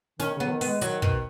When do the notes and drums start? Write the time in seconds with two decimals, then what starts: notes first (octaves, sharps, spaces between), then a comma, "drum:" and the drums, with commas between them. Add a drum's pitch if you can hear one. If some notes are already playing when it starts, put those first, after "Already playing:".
0.20 D#3 C#4, drum: snare
0.35 C#3
0.40 B3
0.46 F#3
0.50 D#3
0.61 G#3 B3, drum: open hi-hat
0.81 D#3 F#3, drum: hi-hat
1.02 B2, drum: kick